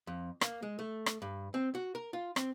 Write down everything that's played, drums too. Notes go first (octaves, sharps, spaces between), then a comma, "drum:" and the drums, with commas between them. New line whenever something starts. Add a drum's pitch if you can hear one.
F2
A#3, drum: rim click
G#3
A3
drum: rim click
G2
C4
F#4
A#4
F4
C4, drum: rim click